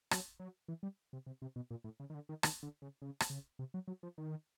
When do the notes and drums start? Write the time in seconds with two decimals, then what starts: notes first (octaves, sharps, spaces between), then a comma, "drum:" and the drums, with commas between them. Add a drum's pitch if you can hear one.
0.11 F#3, drum: rim click
0.40 F#3
0.68 E3
0.83 G3
1.13 C3
1.27 C3
1.42 C3
1.56 B2
1.71 A#2
1.84 A2
2.00 C#3
2.10 D#3
2.15 D3
2.29 D#3
2.43 D#3, drum: rim click
2.63 D3
2.82 C#3
3.02 C#3
3.20 drum: rim click
3.30 C#3
3.59 C3
3.74 F#3
3.88 F#3
4.03 F3
4.18 D#3